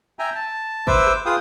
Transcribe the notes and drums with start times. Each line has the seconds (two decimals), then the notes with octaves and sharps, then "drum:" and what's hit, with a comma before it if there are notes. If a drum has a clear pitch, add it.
0.19 E5 G5 G#5 A#5
0.35 A5
0.87 B4 C5 E5 D6 E6, drum: kick
1.07 drum: rim click
1.26 F4 G#4 B4 F5 G5 D#6